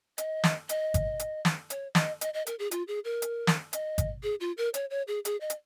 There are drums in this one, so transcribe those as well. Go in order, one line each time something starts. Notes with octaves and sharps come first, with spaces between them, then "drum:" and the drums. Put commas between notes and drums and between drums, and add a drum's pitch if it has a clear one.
D#5, drum: hi-hat
drum: snare
D#5, drum: hi-hat
drum: kick G#1, hi-hat
drum: hi-hat
drum: snare
C#5, drum: hi-hat
D#5, drum: snare
D#5, drum: hi-hat
D#5
A#4, drum: hi-hat
G#4
F4, drum: hi-hat
G#4
A#4
drum: hi-hat
drum: snare
D#5, drum: hi-hat
drum: kick G#1, hi-hat
G#4
F4
A#4
C#5, drum: hi-hat
C#5
G#4
G#4, drum: hi-hat
D#5
drum: hi-hat